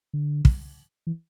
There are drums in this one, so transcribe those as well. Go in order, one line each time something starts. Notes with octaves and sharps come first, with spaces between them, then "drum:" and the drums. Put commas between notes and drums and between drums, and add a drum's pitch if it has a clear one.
D3
drum: kick
E3